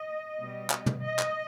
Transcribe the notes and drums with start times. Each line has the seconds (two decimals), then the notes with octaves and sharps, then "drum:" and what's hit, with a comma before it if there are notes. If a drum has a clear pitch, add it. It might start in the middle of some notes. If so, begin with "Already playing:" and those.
Already playing: D#5
0.38 B2 G3
0.70 drum: clap
0.86 drum: tom
1.03 D#5
1.19 drum: clap